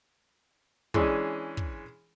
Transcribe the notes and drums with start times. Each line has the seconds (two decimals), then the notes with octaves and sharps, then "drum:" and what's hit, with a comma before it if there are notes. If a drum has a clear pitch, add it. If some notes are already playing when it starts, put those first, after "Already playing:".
0.94 E3 G#3 C#4 D4 G#4, drum: kick
1.57 drum: kick